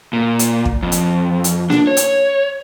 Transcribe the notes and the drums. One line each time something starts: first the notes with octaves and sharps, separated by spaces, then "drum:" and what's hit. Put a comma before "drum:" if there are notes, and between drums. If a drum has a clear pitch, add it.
A#2
drum: hi-hat
drum: kick
F2
drum: hi-hat
drum: hi-hat
D4, drum: snare A#3
C#5
drum: hi-hat